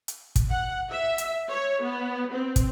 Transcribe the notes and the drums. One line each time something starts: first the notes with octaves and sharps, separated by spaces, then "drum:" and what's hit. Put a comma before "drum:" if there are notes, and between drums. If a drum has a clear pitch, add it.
drum: hi-hat
drum: kick, hi-hat
F#5
E5
drum: hi-hat
C#5
B3
C4
drum: kick, hi-hat